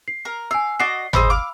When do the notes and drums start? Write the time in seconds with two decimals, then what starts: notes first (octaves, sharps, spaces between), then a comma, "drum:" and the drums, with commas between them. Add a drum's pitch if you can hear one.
0.08 C7
0.25 A#4
0.51 F5 G#5 E6
0.80 F#4 D5 D#5 C7
1.13 G#4 C5 D#5 B5 E6, drum: tom G#1
1.30 F5 D6